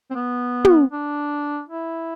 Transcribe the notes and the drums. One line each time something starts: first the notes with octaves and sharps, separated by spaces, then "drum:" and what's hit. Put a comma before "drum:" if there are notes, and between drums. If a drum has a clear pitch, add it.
C4
B3
drum: tom
D4
E4